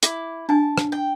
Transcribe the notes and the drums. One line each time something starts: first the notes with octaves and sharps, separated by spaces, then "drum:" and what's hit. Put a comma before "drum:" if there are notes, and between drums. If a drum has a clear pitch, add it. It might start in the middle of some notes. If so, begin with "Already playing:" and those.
E4 D6, drum: hi-hat
D4 G#5 A5
drum: rim click
G5